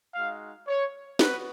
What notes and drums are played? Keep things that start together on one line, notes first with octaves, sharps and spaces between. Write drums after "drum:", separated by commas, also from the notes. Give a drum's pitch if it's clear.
G#3 D#4 F#4 F5
C#5
B3 F#4 B4, drum: snare